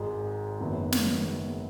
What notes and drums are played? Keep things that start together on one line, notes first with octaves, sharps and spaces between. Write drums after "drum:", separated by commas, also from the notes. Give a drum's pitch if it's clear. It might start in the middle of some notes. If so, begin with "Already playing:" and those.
Already playing: G#1 G#2 G#3
F#1 F#2 D#3 F#3 B3
drum: snare